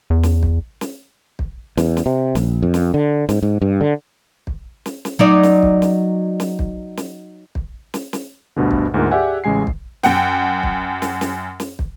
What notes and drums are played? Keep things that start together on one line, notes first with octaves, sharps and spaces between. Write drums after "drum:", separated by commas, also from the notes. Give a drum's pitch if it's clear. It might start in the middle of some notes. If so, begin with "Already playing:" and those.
E2
drum: snare
drum: kick
drum: snare
drum: kick
E2, drum: snare
drum: snare
C3
A#1, drum: snare
F2
drum: snare
D3
G#2, drum: snare
G#2
G2
D3
drum: kick
drum: snare
drum: snare
F#3 D#4 D5
drum: snare
drum: kick
drum: snare
drum: snare
drum: kick
drum: snare
drum: kick
drum: snare
drum: snare
D2 G2 B2 D3
drum: kick
D2 G#2 A#3 F4 A#4
G4 G#4 D5 E5 F#5 G#5
A1 C#3 G#3 G#5 C7
drum: kick
F#2 F#5 G5, drum: snare
drum: kick
drum: snare
drum: snare
drum: snare
drum: kick